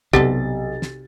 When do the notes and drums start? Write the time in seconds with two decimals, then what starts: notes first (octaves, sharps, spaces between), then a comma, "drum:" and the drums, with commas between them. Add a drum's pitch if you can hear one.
0.13 B1 C3 G3 B3 G4 A4 A6, drum: kick
0.82 drum: snare